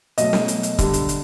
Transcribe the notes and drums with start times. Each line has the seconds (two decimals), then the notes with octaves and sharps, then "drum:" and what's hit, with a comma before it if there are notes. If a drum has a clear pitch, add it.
0.18 B2 F#3 A3 D#5, drum: hi-hat
0.33 drum: snare
0.48 drum: hi-hat
0.63 drum: hi-hat
0.79 D3 G3, drum: kick, hi-hat
0.93 drum: hi-hat
1.09 drum: hi-hat